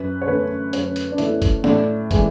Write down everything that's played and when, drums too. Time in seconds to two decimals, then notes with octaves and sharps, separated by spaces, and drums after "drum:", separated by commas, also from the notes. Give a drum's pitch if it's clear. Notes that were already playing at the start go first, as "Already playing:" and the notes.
Already playing: F#2 B4
0.22 C#5
0.27 D3 A3 B4
0.73 F#2 C#5, drum: hi-hat
0.96 drum: hi-hat
1.12 D4
1.18 D3 A3 E4, drum: hi-hat
1.42 drum: kick, hi-hat
1.64 A2 D4, drum: snare
2.11 E3 G#3, drum: kick, hi-hat